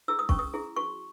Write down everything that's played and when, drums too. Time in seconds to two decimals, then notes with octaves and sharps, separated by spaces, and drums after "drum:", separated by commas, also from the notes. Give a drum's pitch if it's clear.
0.08 E4 G#4 E6
0.19 D#6
0.29 C#4 C#6, drum: kick
0.39 D#6
0.54 E4 G#4
0.76 F#4 C#6